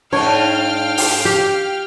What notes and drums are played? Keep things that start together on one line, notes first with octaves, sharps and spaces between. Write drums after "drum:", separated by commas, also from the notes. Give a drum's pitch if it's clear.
G#2 D4 C#5 F5 G5 F6
drum: open hi-hat
G4